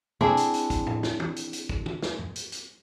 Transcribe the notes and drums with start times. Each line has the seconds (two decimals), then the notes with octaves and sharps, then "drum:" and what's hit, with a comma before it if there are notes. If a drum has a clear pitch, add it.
0.21 C4 D4 E4 G#4, drum: tom G2
0.37 drum: hi-hat
0.54 drum: hi-hat
0.70 drum: kick, hi-hat
0.87 drum: tom A2
1.03 drum: snare
1.20 drum: tom
1.36 drum: hi-hat
1.53 drum: hi-hat
1.69 drum: kick
1.86 drum: tom
2.02 drum: snare
2.19 drum: tom G2
2.36 drum: hi-hat
2.52 drum: hi-hat